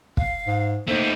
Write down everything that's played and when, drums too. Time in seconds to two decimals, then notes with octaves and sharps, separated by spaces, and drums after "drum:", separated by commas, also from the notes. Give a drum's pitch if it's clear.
0.17 F5, drum: kick
0.47 G#2
0.88 A3 A#3 D#4 C5